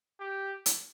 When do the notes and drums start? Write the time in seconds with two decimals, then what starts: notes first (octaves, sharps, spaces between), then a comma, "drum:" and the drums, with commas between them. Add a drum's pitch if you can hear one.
0.20 G4
0.66 drum: hi-hat